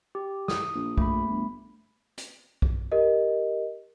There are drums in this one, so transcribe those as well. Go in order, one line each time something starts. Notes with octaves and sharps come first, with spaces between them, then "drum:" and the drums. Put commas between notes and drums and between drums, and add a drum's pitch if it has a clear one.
G4
D#6, drum: snare
A#1
A3 B5, drum: kick
G1
drum: hi-hat
drum: kick
G4 A#4 D#5